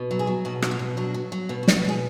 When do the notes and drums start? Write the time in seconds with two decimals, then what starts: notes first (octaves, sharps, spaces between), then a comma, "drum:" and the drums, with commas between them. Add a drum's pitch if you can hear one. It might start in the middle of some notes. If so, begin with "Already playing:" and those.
Already playing: B2
0.11 F#3
0.19 G#4
0.27 F#3
0.45 B2 F#4
0.62 F#3 F#4, drum: rim click
0.71 F4
0.79 B2
0.97 F#3 D4
1.14 F#3
1.32 F#3
1.49 B2 B3
1.63 F#4
1.68 B2, drum: snare
1.76 F#4
1.85 B2 G#4